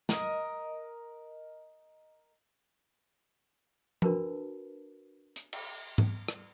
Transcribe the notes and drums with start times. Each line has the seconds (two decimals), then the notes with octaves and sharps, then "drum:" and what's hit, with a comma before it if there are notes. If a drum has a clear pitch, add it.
0.09 A#4 D#5, drum: snare
4.02 D4 F#4 A#4 B4 A5 B5, drum: tom F3
5.36 drum: hi-hat
5.53 drum: cymbal
5.98 drum: tom G#2
6.28 drum: rim click